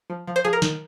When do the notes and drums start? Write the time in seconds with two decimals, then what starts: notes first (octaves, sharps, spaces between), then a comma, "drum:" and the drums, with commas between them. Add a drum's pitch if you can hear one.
0.10 F3
0.27 F3
0.36 C5
0.44 F3 G#4
0.53 A#4
0.62 D#3, drum: snare